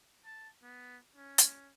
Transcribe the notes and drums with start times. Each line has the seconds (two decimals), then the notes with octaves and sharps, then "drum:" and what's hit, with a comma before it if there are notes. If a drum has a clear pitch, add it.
0.25 A5
0.63 B3
1.16 C#4
1.38 drum: hi-hat